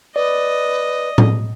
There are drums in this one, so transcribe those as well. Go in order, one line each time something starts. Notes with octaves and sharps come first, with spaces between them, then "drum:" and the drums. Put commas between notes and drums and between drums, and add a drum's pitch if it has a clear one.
B4 D5 D#5
drum: tom A2